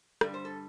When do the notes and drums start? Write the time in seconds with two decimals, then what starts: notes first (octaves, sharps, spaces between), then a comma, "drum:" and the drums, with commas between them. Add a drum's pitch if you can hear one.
0.21 G2 D3 G3 D5, drum: rim click
0.34 C5
0.45 A4